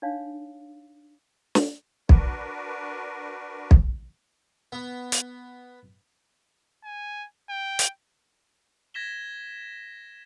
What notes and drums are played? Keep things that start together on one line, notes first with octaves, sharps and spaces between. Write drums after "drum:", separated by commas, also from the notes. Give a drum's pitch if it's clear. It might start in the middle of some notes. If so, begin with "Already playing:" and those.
D4 D#4 C#5 F5
drum: snare
D4 F#4 A#4 B4, drum: kick B1
drum: kick B1
B3
drum: hi-hat
G#5
G5
drum: hi-hat
G#6 A#6 B6 E7 G7